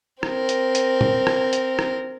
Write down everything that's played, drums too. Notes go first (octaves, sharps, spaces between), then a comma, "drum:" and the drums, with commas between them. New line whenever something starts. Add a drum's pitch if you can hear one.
C4 A#4, drum: rim click
drum: hi-hat
drum: hi-hat
drum: tom A#2
drum: rim click
drum: hi-hat
drum: rim click